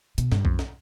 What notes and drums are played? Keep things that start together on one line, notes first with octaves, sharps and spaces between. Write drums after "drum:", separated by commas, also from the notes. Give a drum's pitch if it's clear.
B2, drum: hi-hat
G2, drum: snare
F2, drum: kick B1
drum: snare